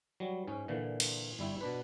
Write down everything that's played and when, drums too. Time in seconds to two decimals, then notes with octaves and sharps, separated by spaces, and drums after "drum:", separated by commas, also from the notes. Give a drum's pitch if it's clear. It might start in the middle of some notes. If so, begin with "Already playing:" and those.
0.20 F#3 G3
0.47 G#2 C#4
0.68 A#2 D3 E3
1.00 drum: cymbal
1.39 G1 G3 E4
1.61 B2 D4 B4